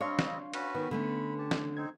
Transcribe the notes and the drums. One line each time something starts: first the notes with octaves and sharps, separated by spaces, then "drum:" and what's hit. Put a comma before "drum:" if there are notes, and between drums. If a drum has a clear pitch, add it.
G3 C4 D4 C#5 D#5 F5 C6
drum: snare
C#4 F#4 B4, drum: cymbal
D#3 B3
D3 A3 C#4 B5
G4 A5
drum: snare
C4 D#4 C5 G#6